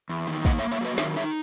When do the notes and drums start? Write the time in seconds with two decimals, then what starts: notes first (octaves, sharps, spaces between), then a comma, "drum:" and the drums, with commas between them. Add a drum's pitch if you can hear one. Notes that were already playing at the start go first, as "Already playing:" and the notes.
0.09 E2
0.27 D#3
0.45 A#3 D#5 F#5, drum: kick
0.59 C#5 E5
0.62 A#3
0.72 C#5 E5
0.81 F#3 B4 D#5
0.98 D#3 C#5 E5, drum: snare
1.16 D#4 C#5 E5